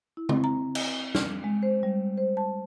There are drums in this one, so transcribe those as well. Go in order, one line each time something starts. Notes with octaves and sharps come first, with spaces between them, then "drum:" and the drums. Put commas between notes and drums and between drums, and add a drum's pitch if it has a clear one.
E4
C4, drum: tom C#3
A#5
D#5, drum: cymbal
F6, drum: snare
G#3
C5
G3
C5
A5